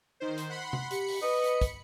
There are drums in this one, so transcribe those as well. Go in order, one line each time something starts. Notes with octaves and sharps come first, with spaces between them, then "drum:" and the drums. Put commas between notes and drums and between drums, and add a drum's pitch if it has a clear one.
D#3 C5
drum: hi-hat
F#5 B5 C6
drum: tom C3
G4 B5 C#7, drum: hi-hat
drum: open hi-hat
B4 D#5
drum: hi-hat
drum: kick, hi-hat